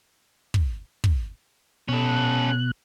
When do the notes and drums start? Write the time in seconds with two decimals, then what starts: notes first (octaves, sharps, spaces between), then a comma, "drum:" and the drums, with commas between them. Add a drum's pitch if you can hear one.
0.54 drum: kick
1.04 drum: kick
1.88 B2 C#4 A4 F#6